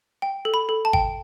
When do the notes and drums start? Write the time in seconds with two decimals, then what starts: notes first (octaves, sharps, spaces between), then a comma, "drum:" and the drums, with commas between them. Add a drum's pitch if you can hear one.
0.22 G5
0.45 A4
0.54 B5
0.69 A4
0.85 A5
0.93 G5, drum: kick